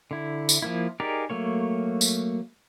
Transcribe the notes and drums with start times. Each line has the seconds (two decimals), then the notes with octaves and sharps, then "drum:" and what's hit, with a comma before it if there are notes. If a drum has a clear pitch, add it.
0.11 D3 E4
0.49 drum: tambourine
0.62 F3 A#3 E4
1.00 D#4 G4 G#4 A#4 D5
1.30 F#3 A3 A#3 C#5
2.01 drum: tambourine